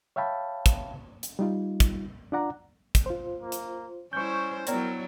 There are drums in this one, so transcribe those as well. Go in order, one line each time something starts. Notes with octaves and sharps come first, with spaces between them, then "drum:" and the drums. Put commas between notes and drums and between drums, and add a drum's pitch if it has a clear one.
C#5 E5 F5 G5 A5 B5
drum: kick, hi-hat
drum: hi-hat
G3 D#4 F4
drum: kick, hi-hat
D4 F4 D5 F#5 A#5
drum: kick, hi-hat
F4 C5
A#3
drum: hi-hat
G3 C#4 E4 C5 C#6 G6
F#3 B3 D4 E4 A#4 C#5 D5, drum: hi-hat